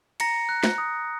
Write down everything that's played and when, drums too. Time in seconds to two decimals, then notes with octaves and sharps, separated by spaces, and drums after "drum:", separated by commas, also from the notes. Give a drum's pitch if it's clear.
0.20 A#5 A#6 C#7, drum: cymbal
0.49 F#6
0.64 drum: snare
0.78 D#6